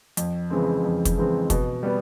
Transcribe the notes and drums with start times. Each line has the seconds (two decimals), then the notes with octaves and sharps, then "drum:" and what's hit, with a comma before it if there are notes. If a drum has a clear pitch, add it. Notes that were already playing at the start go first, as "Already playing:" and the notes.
0.17 F2, drum: hi-hat
0.50 C#3 E3 G#3 C4
0.84 F2
1.05 drum: kick, hi-hat
1.17 C#3 E3 G#3 C4
1.50 B2, drum: kick, hi-hat
1.83 G3 B3